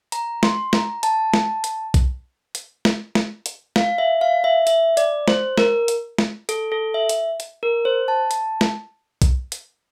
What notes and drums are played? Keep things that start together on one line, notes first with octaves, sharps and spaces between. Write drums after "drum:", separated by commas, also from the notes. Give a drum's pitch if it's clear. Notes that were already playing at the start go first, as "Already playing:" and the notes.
A#5, drum: hi-hat
C6, drum: snare
A#5, drum: snare
A5, drum: hi-hat
drum: snare
drum: hi-hat
drum: kick B1, hi-hat
drum: hi-hat
drum: snare
drum: snare
drum: hi-hat
F5, drum: snare
E5
F5
E5
E5, drum: hi-hat
D5, drum: hi-hat
C5, drum: snare
A#4, drum: snare
drum: hi-hat
drum: snare
A4, drum: hi-hat
A4
E5
drum: hi-hat
drum: hi-hat
A#4
C5
A5
drum: hi-hat
drum: snare
drum: kick B1, hi-hat
drum: hi-hat